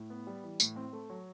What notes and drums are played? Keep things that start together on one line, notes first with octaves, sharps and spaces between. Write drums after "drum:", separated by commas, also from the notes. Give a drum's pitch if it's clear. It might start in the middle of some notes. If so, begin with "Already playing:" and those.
Already playing: A2
B3
G3
E3
A2, drum: tambourine
C4
A3
F#3